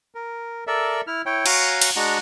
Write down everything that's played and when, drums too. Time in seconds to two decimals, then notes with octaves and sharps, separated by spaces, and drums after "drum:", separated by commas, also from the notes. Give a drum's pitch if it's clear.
0.15 A#4
0.67 A4 A#4 D5 E5
1.07 E4 F6
1.26 E4 C#5 G5
1.46 F#4 C#5 F5 G#5 A#5, drum: cymbal
1.82 drum: cymbal
1.96 G#3 D4 F#4 F#5 A#5